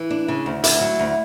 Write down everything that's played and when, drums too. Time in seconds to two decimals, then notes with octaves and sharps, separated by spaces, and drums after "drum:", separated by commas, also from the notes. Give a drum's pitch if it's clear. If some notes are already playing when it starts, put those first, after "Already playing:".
Already playing: E3
0.10 D4
0.28 C#3
0.46 D2
0.64 D2 E4, drum: hi-hat
0.81 F#3
0.99 D2